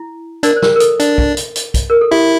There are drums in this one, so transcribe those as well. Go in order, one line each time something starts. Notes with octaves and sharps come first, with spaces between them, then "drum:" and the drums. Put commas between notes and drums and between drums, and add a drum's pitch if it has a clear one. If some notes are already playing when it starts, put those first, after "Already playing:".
Already playing: E4
D4 A#4 D5, drum: hi-hat
C5
A#4, drum: snare
A#4
A4, drum: hi-hat
D4, drum: hi-hat
drum: kick B1
drum: hi-hat
drum: hi-hat
drum: kick B1, hi-hat
A#4
A4
E4 G4